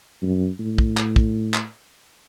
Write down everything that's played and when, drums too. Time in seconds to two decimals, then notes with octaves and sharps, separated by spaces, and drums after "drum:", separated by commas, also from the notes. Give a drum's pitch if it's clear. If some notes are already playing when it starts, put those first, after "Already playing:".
0.22 F#2
0.59 A2
0.78 drum: kick
0.97 drum: clap
1.16 drum: kick
1.54 drum: clap